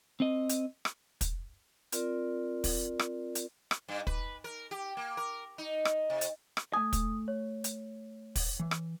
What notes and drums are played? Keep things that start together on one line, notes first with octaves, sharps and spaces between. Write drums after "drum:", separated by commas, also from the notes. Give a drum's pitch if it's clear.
C4 D#5
drum: hi-hat
drum: rim click
drum: kick, hi-hat
C4 F4 A#4 D5, drum: hi-hat
drum: kick, open hi-hat
drum: rim click
drum: hi-hat
drum: rim click
G2
B4, drum: kick
A#4
G4
A#3
A#4
D#4
drum: rim click
C3
drum: hi-hat
drum: rim click
A3 G#5 D#6
drum: kick, hi-hat
C#5
drum: hi-hat
drum: kick, open hi-hat
E3
drum: rim click